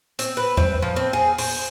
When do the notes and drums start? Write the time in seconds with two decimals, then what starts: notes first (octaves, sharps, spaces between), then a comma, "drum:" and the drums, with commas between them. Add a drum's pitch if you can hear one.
0.19 C4, drum: hi-hat
0.37 B4
0.57 C4, drum: tom E2
0.82 F3
0.96 C4
1.13 G#4
1.38 C5, drum: open hi-hat